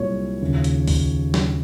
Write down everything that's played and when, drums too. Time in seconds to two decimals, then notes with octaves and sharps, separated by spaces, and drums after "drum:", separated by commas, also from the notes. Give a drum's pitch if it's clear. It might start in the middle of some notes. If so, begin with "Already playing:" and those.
Already playing: C2 A#2 F#3 C#5
0.42 D#2 C#3 F3
0.64 drum: hi-hat
0.88 drum: kick, open hi-hat
1.34 drum: snare